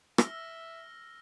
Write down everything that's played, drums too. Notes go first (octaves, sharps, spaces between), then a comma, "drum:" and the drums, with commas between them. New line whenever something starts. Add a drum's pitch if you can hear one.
E5 E6 F6 A#6, drum: rim click